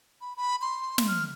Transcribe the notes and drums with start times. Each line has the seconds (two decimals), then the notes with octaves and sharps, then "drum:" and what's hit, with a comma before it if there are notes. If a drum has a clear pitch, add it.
0.21 B5
0.37 B5
0.62 C6
0.98 drum: snare
1.08 F6